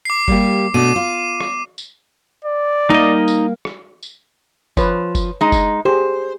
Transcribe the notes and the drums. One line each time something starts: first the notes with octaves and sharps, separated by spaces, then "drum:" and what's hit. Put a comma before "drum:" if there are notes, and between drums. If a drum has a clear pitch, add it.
D6 C7
G3 A#3 G4, drum: kick F#1
B2 A3 D4 D6 D#7
F4
drum: rim click
drum: tambourine
D5
G3 A#3 D#4 D#5
drum: tambourine
drum: rim click
drum: tambourine
F3 B4 C#5, drum: kick F#1, tambourine
drum: kick F#1, tambourine
G#3 D#4
drum: kick F#1, tambourine
G4 G#4 C5